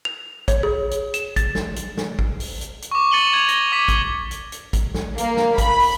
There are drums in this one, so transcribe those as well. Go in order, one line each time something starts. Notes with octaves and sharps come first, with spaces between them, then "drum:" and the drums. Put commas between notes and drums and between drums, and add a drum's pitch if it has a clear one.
F7
C#5, drum: kick, hi-hat
G#4
drum: hi-hat
E7, drum: hi-hat
A6, drum: kick, hi-hat
drum: snare
drum: hi-hat
drum: snare
drum: kick
drum: open hi-hat
drum: hi-hat
drum: hi-hat
C#6 D6
C#6 A6 C#7 D#7 F#7 G7
G#6 F7
A#6 G7, drum: hi-hat
D6 B6
drum: kick, hi-hat
drum: hi-hat
drum: hi-hat
drum: kick, hi-hat
drum: snare
A#3, drum: hi-hat
drum: snare
B5, drum: kick, hi-hat
drum: open hi-hat